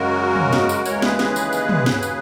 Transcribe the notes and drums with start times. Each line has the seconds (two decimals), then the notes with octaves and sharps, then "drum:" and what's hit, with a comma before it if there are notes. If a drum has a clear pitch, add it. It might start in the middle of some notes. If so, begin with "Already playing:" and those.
Already playing: F#2 C#3 G#3 F#4 A#4
0.36 drum: tom
0.53 drum: snare
0.69 drum: tambourine
0.85 D#2 C#3 E3 G#3 A#4 C#5, drum: tambourine
1.02 G#4 B4, drum: snare
1.19 G#4 B4, drum: snare
1.36 drum: tambourine
1.53 drum: tambourine
1.69 drum: tom
1.86 D#2 C#3 F#3, drum: snare
2.03 drum: tambourine